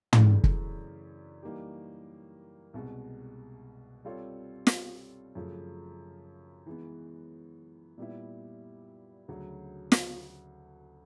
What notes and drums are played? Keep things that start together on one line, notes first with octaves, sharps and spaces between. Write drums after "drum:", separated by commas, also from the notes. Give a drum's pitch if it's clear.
F#2 C#3 E3 A3 D4, drum: tom
drum: kick
E3 G3 A#3 D#4 G4
C2 B2 G#3
G3 C4 F4 A4 C#5
drum: snare
F#2 C#3 F3 A3
E3 G#3 B3
A#2 G3 B3 E4
D2 C#3 F#3
drum: snare